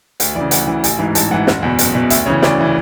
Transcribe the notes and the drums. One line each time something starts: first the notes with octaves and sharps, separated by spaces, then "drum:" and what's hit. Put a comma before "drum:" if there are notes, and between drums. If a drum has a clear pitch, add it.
D2, drum: hi-hat
E3 D5
C#3
D2 F#5, drum: hi-hat
C#3 E3
A1 G#5, drum: hi-hat
G#2 E3
A1 A5, drum: hi-hat
G#2 E3 F#5
F#1, drum: snare
E2 B2
F#1, drum: hi-hat
E2 B2
D2 E5, drum: hi-hat
C#3 E3 C#5
D2 D5, drum: snare
C#3 E3